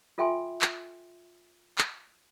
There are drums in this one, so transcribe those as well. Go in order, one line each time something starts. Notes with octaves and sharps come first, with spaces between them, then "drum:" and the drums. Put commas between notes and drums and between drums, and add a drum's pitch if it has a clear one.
F4 A4 E5 G5 G#5 C6
drum: clap
drum: clap